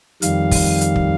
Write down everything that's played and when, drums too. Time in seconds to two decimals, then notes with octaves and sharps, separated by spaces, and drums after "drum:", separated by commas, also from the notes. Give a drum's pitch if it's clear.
0.22 F2 D#3 G3 F5, drum: hi-hat
0.51 drum: kick, open hi-hat
0.81 drum: hi-hat
0.96 drum: kick